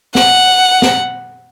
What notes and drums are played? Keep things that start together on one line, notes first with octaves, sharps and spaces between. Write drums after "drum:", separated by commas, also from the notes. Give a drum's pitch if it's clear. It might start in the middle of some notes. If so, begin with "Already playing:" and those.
F#5, drum: snare
drum: snare